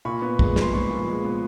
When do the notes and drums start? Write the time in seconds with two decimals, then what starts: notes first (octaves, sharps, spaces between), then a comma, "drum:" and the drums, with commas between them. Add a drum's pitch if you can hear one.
0.05 A#2 B5 C#6
0.22 B3
0.39 G#3, drum: kick
0.56 A#2, drum: snare
0.61 C6
0.73 F3 B5 C#6
0.90 A#2
1.08 G#3
1.24 B3